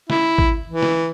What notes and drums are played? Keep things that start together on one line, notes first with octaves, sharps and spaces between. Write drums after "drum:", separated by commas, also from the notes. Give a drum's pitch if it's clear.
E4, drum: snare
drum: kick
E3
drum: snare